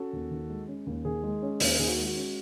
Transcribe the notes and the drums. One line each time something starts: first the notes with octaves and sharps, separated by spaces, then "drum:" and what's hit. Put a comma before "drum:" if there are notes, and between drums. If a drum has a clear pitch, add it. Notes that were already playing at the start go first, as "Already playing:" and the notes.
Already playing: C#4 F#4 A4
D#2
D#3
G#3
C#4
D#2
D#3 G#4
G#3
C#4
D#2, drum: open hi-hat
D#3 G#4
F#4
G#3
F#4
C#4